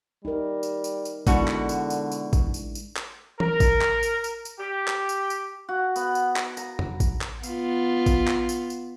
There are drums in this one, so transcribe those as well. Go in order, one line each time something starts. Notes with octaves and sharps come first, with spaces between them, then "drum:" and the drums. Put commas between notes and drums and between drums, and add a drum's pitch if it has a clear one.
G3 D#4 A#4
drum: tambourine
drum: tambourine
drum: tambourine
B2 D3 G#3 D4 E4 F#4, drum: kick A1, tambourine
drum: clap
drum: tambourine
drum: tambourine
drum: tambourine
drum: kick A1, tambourine
drum: tambourine
drum: tambourine
drum: clap
A#4, drum: tom E3
drum: kick A1, tambourine
drum: clap
drum: tambourine
drum: tambourine
drum: tambourine
G4
drum: clap
drum: tambourine
drum: tambourine
F#4
B3, drum: tambourine
drum: tambourine
drum: clap
A#5, drum: tambourine
drum: tom F2
drum: kick A1, tambourine
drum: clap
B3 F4, drum: tambourine
drum: kick A1, tambourine
drum: clap
drum: tambourine
drum: tambourine